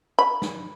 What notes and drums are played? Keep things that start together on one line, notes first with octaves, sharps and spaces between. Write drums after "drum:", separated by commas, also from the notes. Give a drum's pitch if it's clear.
B5
drum: snare